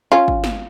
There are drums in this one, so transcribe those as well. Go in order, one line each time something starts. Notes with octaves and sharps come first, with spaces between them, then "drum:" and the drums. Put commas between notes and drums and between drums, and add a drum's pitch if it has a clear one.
C#4 F4
drum: kick G#1
drum: snare